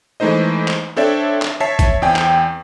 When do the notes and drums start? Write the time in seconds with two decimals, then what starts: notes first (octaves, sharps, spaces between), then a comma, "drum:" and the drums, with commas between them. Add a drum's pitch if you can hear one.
0.20 E3 G#3 A3 D#4 C5 D#5
0.68 drum: clap
0.96 C4 D4 A4 C#5 D5 E5
1.42 drum: clap
1.60 C#5 E5 A5 B6 C7
1.79 drum: kick, hi-hat
2.02 E2 C4 D5 G5 G#5
2.16 drum: clap